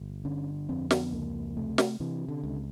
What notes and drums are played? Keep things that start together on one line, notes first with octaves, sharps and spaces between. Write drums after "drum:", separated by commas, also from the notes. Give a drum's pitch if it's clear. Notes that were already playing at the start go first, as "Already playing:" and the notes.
Already playing: G1
D3 C#4
F2 C4
B3, drum: snare
C#2 A#3
C3 A3
drum: snare
C3 E3
D3
C#2